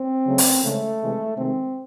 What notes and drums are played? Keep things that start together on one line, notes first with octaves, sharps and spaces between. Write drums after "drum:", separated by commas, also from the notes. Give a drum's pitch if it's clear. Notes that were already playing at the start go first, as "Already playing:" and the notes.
Already playing: C4
C#3 F#3 A3
drum: open hi-hat
C#3 E3 G#3 A3
C3 E3 G#3
C3 D#3 G#3 C4